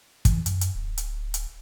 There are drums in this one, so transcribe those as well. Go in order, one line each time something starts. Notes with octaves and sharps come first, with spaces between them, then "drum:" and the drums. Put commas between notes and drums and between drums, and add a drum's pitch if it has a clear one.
E3, drum: kick, hi-hat
F#2, drum: hi-hat
drum: hi-hat
D1
drum: hi-hat
drum: hi-hat